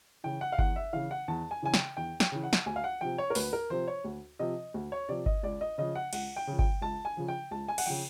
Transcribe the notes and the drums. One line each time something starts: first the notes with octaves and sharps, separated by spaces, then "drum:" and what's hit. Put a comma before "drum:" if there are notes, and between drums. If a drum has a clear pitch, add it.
C#3 E3 G5
F#5
F5
E2 F#5, drum: kick G1
E5
C#3 E3 F5
F#5
E2 A5
G#5
C#3 E3 G#5
G5, drum: snare
E2 G5
G5, drum: snare
C#3 E3
F#5
drum: snare
D2 G#5
F5
F#5
C3 F3 G5
C#5
A#4
D2 B4, drum: open hi-hat
A#4
C3 F3 C5
C#5
D2
C3 F3 D#5
D2
C#5
C3 F3 D5
D#5, drum: kick G1
C#2 D5
D#5
C#3 F3 D#5
F#5
C#2 F#5, drum: cymbal
G5
C#3 F3
G5, drum: kick G1
C#2 A5
G#5
C#3 F3
G5
C#2 A5
G#5
F#5, drum: cymbal
C#3 F3 G5